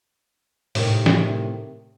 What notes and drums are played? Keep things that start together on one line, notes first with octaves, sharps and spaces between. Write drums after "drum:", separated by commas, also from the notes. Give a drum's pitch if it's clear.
A2 C3 D#3, drum: open hi-hat
drum: snare